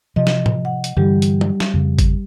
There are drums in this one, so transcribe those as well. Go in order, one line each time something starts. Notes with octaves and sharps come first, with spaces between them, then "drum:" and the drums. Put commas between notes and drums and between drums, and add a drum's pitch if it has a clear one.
C3 F3 D#5
drum: snare
drum: tom A2
F#5
drum: hi-hat
G2 D3 E3 G3 G4
drum: hi-hat
drum: tom
drum: snare
F2 C#3
drum: kick G#1, hi-hat